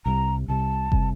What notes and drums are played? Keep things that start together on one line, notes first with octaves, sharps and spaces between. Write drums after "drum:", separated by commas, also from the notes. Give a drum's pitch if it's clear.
C2 C3 G3 A#5
C2 C3 G3 A5
C3 G3, drum: kick F#1